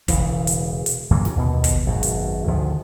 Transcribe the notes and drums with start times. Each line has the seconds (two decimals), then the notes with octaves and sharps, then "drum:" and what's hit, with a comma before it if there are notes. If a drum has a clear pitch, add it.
0.08 E1 C#3 E3, drum: kick, hi-hat
0.47 drum: hi-hat
0.86 drum: hi-hat
1.11 F#2 C#3 E3 A#3
1.25 drum: snare
1.36 D#2 B2
1.64 drum: kick, hi-hat
1.86 G#1 F#2 B2
2.03 drum: hi-hat
2.47 D2 D#3 F3